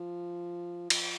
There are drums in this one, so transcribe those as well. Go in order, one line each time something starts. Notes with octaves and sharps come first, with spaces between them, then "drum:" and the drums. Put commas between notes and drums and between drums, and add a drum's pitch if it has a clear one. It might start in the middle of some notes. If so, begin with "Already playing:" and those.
Already playing: F3
F3, drum: cymbal